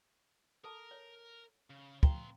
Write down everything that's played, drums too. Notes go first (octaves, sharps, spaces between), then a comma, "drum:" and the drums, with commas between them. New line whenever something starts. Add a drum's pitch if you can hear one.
A4 A#4 A5 D6
C#5
C#3
B3 F5 G5 A#5 C6, drum: kick